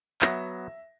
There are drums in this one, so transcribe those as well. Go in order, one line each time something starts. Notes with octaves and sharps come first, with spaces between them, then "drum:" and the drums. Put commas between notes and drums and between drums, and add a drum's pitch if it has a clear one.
F#3 B3 E5 A#6, drum: clap